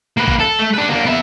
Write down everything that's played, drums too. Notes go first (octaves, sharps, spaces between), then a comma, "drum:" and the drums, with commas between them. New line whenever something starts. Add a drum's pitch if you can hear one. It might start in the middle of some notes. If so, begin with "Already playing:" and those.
A#3 B4
drum: kick A1
A4
A3
D4 B4
D3 A#3
B3 E5